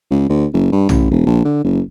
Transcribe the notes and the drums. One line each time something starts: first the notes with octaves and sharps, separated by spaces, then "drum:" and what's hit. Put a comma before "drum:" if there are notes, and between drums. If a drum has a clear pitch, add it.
C#2
D2
F#1
G2
A1, drum: tom
E1
A#1
D3
F#1